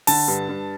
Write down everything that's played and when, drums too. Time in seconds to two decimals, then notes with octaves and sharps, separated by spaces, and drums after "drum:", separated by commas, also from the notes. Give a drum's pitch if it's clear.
0.07 D3 A5, drum: open hi-hat
0.28 G2
0.49 G2